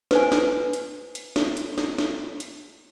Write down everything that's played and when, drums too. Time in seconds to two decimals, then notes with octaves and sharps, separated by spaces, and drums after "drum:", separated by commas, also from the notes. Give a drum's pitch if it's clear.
0.11 B4 C5 G#5, drum: snare
0.32 drum: snare
0.73 drum: hi-hat
1.15 drum: hi-hat
1.36 drum: snare
1.57 drum: hi-hat
1.78 drum: snare
1.98 drum: snare
2.40 drum: hi-hat